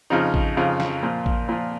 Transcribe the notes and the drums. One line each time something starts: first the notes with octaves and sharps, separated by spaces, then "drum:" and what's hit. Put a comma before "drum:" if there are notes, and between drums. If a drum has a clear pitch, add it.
F2 C#3 F3 D#4
drum: kick A1
F2 C#3 F3
drum: snare F3
A#2 F3 F4
drum: kick A1
A#2 F3